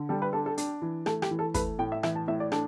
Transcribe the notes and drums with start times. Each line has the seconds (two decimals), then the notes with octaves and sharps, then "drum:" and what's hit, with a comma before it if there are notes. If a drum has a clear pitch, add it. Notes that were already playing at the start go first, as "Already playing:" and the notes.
Already playing: D3
0.09 G3 A4
0.22 B4
0.33 D4 A4
0.46 A4
0.58 D4, drum: hi-hat
0.82 E3
1.06 A3 A4, drum: rim click
1.22 G4, drum: rim click
1.31 E3
1.39 A4
1.54 A3 B4, drum: kick, hi-hat
1.79 A2 G5
1.92 E5
2.03 E3 E5, drum: rim click
2.16 A5
2.28 A2 E5
2.40 D5
2.52 D4 A4, drum: rim click